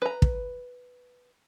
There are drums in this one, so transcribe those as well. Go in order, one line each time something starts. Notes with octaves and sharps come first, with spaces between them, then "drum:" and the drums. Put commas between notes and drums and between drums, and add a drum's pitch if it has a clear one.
B4 A#5
drum: kick